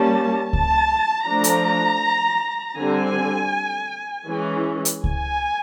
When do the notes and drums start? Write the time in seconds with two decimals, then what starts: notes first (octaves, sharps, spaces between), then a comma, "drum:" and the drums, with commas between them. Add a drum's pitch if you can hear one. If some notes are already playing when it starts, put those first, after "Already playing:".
Already playing: G3 A#3 C#4 A5
0.53 A5, drum: kick C#2
1.28 F3 A3 D4 A#5
1.44 drum: hi-hat
2.78 D3 G3 C4 G#5
4.28 E3 G#3 C#4
4.85 drum: hi-hat
5.04 G#5, drum: kick C#2